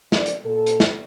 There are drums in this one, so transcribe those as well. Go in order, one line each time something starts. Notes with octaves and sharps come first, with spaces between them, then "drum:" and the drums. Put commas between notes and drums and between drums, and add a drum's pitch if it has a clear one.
F3 D4 D5, drum: snare
drum: hi-hat
A#2 A4
drum: hi-hat
drum: snare